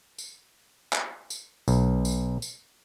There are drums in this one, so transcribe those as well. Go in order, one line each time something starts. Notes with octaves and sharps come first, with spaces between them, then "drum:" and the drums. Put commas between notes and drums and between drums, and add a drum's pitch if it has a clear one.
drum: tambourine
drum: clap
drum: tambourine
B1, drum: tambourine
drum: tambourine
drum: tambourine